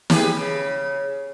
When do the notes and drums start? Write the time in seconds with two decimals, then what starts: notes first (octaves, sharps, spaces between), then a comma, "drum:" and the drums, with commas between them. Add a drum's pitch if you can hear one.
0.10 G4 G#4 B4, drum: snare
0.36 C#3